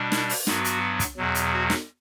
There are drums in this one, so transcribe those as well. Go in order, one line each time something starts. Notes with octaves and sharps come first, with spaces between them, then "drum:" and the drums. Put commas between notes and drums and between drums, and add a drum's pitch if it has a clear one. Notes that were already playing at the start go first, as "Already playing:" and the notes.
Already playing: B2 G3 D4
E4, drum: snare
drum: open hi-hat
G2 F#3 B3 F#4, drum: snare
drum: hi-hat
drum: kick, hi-hat
E2 B2 F#3
drum: hi-hat
F#4
drum: snare